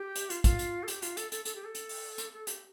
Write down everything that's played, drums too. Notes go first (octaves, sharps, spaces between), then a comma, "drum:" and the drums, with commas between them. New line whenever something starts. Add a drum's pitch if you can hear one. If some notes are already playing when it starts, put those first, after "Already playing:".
Already playing: G4
drum: hi-hat
F4, drum: hi-hat
F4, drum: kick, hi-hat
drum: hi-hat
A4
G4, drum: hi-hat
F4, drum: hi-hat
A4, drum: hi-hat
A4, drum: hi-hat
A4, drum: hi-hat
G4
A4
drum: hi-hat
drum: open hi-hat
drum: hi-hat
A4
G4, drum: hi-hat